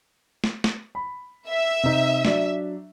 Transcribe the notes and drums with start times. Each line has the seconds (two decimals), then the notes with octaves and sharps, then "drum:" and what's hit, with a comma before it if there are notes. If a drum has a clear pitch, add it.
0.44 drum: snare
0.64 drum: snare
0.95 B5
1.48 E5
1.83 C3 D#4
2.25 F#3 D4, drum: snare